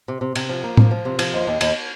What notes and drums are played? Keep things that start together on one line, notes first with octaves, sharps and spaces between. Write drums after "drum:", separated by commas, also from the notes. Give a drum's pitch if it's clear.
C3
C3
C3, drum: cymbal
F3
A#3
F3, drum: tom A2
F3
C3
F3, drum: cymbal
D#2
D#2
D#2, drum: cymbal